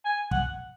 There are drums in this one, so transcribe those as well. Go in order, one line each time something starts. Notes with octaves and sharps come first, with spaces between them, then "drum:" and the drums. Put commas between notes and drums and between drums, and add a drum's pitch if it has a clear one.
G#5
F#5, drum: kick